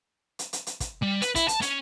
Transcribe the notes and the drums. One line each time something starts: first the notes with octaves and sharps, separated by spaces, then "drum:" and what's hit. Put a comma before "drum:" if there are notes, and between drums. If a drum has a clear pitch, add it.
drum: hi-hat
drum: hi-hat
drum: hi-hat
drum: kick, hi-hat
G3
B4, drum: hi-hat
E4, drum: kick, hi-hat
A5, drum: hi-hat
C#4, drum: hi-hat